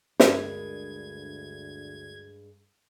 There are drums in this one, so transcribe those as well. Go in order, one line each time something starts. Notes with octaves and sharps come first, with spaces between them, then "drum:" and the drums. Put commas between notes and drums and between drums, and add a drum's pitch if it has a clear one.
D2 G2 G#3 A#4 G#6, drum: snare